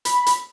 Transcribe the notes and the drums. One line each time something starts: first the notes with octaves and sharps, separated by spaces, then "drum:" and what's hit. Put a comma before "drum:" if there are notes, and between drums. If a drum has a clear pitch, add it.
B5, drum: hi-hat
drum: hi-hat